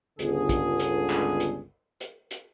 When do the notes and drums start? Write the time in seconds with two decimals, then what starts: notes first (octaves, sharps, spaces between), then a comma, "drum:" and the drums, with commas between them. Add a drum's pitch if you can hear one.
0.19 G1 C#2 D3 G#4, drum: hi-hat
0.49 drum: kick, hi-hat
0.80 drum: hi-hat
1.10 drum: clap
1.40 drum: hi-hat
2.00 drum: hi-hat
2.31 drum: hi-hat